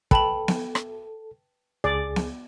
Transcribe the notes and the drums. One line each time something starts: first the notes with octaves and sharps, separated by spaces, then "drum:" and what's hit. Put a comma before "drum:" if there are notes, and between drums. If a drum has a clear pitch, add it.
A4 B4 G5 A5 B5 F#7, drum: kick
drum: snare B3
drum: rim click
C#2 G#4 D5
drum: snare B3